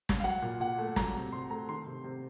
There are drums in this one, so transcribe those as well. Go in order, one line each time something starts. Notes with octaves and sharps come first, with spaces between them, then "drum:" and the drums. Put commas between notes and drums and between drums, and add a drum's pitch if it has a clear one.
drum: snare
F5
F#3 F#5
A#2
A#2 F#5
A3
F#3 A#5, drum: snare
C3
C3 C6
A3 A#5
D#3 C6
C3
C3